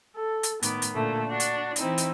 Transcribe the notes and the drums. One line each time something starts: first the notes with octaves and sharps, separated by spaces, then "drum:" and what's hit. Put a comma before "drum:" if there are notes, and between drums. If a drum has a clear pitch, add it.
A4
drum: hi-hat
A2 D#3 B3 D6, drum: hi-hat
drum: hi-hat
A#2 D3 A3 A#3
D4 F#4
drum: hi-hat
E3 C4 D#4 E4, drum: hi-hat
drum: hi-hat